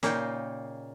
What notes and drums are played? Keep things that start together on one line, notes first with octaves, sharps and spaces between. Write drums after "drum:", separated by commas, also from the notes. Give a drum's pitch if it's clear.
A#2 C#3 A#3 D#4 G5, drum: snare